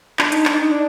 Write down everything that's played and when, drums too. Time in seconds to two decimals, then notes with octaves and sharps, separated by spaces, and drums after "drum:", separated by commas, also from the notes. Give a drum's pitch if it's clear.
0.19 D4, drum: clap
0.32 D#4, drum: hi-hat
0.46 D4, drum: clap
0.59 D#4
0.71 D4